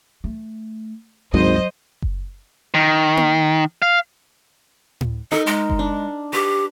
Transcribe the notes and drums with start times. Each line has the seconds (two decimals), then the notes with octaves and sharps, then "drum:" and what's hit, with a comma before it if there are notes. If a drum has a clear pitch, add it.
0.24 A3
1.34 G#1 C#2 G2 F#3 G#3 C5 D#5
2.02 drum: kick F#1
2.74 D#3
3.17 drum: tom A#3
3.82 F5
5.01 drum: tom A2
5.32 D#4 A4 A#4 C6
5.47 G#3
5.70 drum: kick F#1
5.79 D4
6.33 G4 B4